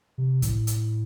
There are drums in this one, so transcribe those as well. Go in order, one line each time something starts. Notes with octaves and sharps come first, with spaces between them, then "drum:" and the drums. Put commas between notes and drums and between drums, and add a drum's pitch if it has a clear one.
C3
A2, drum: kick, hi-hat
drum: hi-hat